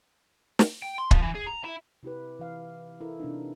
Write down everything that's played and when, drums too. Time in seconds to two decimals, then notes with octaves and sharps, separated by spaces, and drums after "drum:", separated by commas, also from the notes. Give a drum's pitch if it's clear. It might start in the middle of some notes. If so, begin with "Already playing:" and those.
0.59 drum: snare
0.82 G5
0.98 C6
1.11 F3, drum: kick
1.23 E3
1.35 G#4
1.47 A#5
1.65 E4
2.03 C3 E4 G4 B4
2.39 E3 F5
3.01 E4 A4 A#4
3.20 C3 B3 D4 D#4